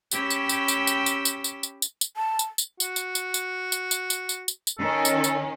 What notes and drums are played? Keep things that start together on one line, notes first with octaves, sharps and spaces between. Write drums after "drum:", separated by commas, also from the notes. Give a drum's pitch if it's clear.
C#4 G4 C#5 G5 B5 E6, drum: tambourine
drum: tambourine
drum: tambourine
drum: tambourine
drum: tambourine
drum: tambourine
drum: tambourine
drum: tambourine
drum: tambourine
drum: tambourine
drum: tambourine
A5
drum: tambourine
drum: tambourine
F#4, drum: tambourine
drum: tambourine
drum: tambourine
drum: tambourine
drum: tambourine
drum: tambourine
drum: tambourine
drum: tambourine
drum: tambourine
drum: tambourine
D#3 C#4 A4
drum: tambourine
drum: tambourine